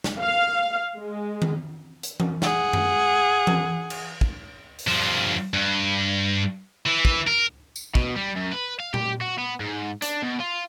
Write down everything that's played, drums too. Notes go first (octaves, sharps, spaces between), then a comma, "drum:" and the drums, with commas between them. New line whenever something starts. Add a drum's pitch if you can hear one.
drum: snare
F5
G#3
drum: tom D#3
drum: hi-hat
drum: tom E3
G#4 F#5, drum: snare
drum: tom F#2
drum: tom E3
drum: cymbal
drum: kick
drum: open hi-hat
G2 F3
G2
E3
drum: kick
A#4
drum: tambourine
B2, drum: kick
G3
F#2
B4
F5
G4, drum: tom A#2
F#4
B3
G#2
D4, drum: hi-hat
B2
F4